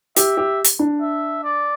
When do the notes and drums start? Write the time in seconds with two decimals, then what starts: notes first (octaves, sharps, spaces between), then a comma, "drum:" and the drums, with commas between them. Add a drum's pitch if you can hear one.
0.16 G4 E5, drum: hi-hat
0.37 G4
0.64 drum: hi-hat
0.79 D4
1.01 E5
1.43 D5